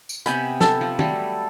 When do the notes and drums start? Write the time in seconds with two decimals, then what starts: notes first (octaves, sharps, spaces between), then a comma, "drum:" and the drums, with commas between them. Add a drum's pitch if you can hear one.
0.09 drum: tambourine
0.26 C3 B3 G4 G#5 B5, drum: hi-hat
0.61 A4 A5, drum: snare
0.81 F3
0.99 F#3 G3 A3, drum: tom